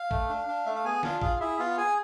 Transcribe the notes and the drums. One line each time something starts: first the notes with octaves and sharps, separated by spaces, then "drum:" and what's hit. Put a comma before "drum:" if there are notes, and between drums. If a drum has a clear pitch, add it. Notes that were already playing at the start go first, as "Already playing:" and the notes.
Already playing: F5
A3, drum: kick
D4
D4
A3 E5
F5
B3 G#4 G#5
D4 F4 F5, drum: snare
F4 G#4 F5, drum: kick
E4 G#4 E5
B3 F4 F5
G#4 G#5